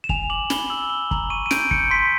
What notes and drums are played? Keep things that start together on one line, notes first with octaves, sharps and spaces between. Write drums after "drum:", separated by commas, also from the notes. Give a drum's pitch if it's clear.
E7
G#5 F7, drum: kick
D6 F#7
B5 G7, drum: snare
E6 F#7
E6 G7
A#5 F#7, drum: kick
C#6 D#7
D#7
G6 D7, drum: snare
G6 C#7, drum: kick
C6 B6